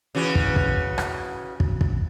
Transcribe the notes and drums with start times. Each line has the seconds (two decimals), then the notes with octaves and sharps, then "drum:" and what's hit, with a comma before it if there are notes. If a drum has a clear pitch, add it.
0.15 C#3 E3 F#4
0.35 drum: kick
0.56 drum: kick
0.98 drum: rim click
1.60 drum: kick
1.81 drum: kick